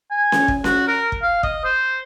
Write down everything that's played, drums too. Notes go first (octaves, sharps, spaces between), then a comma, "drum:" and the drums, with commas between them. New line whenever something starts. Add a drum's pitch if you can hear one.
G#5
drum: snare C#4
drum: kick
F#4, drum: snare C#4
A#4
drum: kick
F5
D#5, drum: kick
C5